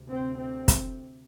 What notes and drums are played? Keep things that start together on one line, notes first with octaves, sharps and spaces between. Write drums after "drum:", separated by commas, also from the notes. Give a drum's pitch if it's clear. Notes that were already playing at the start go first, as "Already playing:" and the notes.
Already playing: D2 C3
C4
C4
drum: kick, hi-hat